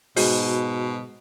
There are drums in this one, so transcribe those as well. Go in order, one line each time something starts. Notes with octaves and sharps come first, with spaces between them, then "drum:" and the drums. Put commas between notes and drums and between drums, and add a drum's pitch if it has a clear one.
G#2 B2 F#4, drum: open hi-hat